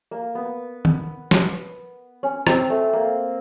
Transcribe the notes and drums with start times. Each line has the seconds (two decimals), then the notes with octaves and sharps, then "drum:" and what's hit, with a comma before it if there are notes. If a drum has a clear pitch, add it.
0.11 A#3
0.35 B3
0.85 drum: tom D#3
1.31 drum: snare
2.23 C#4
2.47 C4, drum: rim click
2.70 A3
2.93 A#3